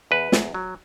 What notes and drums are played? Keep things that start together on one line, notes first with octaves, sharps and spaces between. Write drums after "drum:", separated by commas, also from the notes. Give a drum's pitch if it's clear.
E2 B4
E2, drum: snare
F#3